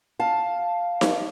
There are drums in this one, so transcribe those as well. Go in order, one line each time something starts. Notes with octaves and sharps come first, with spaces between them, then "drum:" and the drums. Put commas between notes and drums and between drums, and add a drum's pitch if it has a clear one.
F5 A5
drum: snare D#4